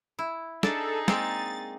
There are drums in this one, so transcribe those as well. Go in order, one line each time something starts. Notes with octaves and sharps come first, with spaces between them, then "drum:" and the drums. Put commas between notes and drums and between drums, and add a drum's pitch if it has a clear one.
E4
D4 D#4 G#4 A4 D5, drum: snare
G#3 A#3 C4 A6, drum: snare